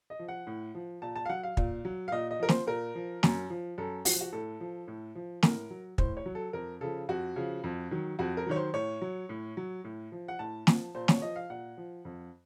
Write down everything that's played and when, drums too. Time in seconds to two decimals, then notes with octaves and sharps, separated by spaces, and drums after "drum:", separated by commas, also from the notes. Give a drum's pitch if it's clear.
0.10 D#5
0.19 F3
0.28 F#5
0.47 A2
0.75 F3
1.02 A#2 A5
1.16 A5
1.25 F5
1.29 F#3 F#5
1.43 F5
1.57 A#2, drum: kick
1.85 F#3
2.08 F5
2.12 A#2 D#5
2.31 D#5
2.40 F3 A#4
2.49 C5, drum: snare
2.67 A#2 A#4
2.95 F3
3.23 F#2, drum: snare
3.50 F3
3.78 F#2 A4
4.05 F3 F#4, drum: open hi-hat
4.21 F#4
4.33 A2 A4
4.60 F3
4.88 A2
5.15 F3
5.43 A2 A#4, drum: snare
5.70 F#3
5.98 A2 C5, drum: kick
6.17 C#5
6.26 F#3
6.35 A4
6.53 F2 A#4
6.81 C#3 F3 A4
7.09 F2 F#4
7.36 C#3 F3
7.64 F2
7.91 D#3 F#3
8.19 F2 F#4
8.37 A#4
8.46 D#3 F#3 C#5
8.56 C5
8.74 A2 C#5
9.01 F#3
9.29 A2
9.57 F#3
9.84 A2
10.12 F3
10.28 F#5
10.39 A2 A5
10.67 F3, drum: snare
10.95 A#2 C5
11.08 C#5, drum: snare
11.22 F3 D#5
11.36 F5
11.50 A#2 F#5
11.77 F3
12.05 F2